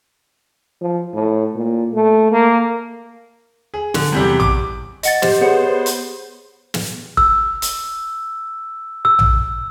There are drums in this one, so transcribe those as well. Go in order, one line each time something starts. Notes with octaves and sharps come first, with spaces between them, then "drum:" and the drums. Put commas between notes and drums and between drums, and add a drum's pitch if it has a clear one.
F3
A2
A#2
A3
A#3
G#4
D3, drum: snare
E2 C3 G3
D6, drum: tom A#1
D#5 F#5 A6, drum: hi-hat
G4 C5, drum: snare
B3 G#4 C5 C#5 F#5
drum: hi-hat
drum: snare
E6, drum: kick
drum: hi-hat
E6
drum: tom A#1